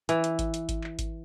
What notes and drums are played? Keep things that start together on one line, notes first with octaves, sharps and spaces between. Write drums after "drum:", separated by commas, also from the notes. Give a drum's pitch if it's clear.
E3, drum: hi-hat
drum: hi-hat
drum: kick G#1, hi-hat
drum: hi-hat
drum: kick G#1, hi-hat
drum: clap
drum: kick G#1, hi-hat